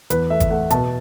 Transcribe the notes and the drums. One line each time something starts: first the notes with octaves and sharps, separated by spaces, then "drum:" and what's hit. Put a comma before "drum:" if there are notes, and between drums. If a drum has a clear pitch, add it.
E2 B4, drum: hi-hat
A3 E5
drum: kick, hi-hat
A3 F#5
B2 A5, drum: hi-hat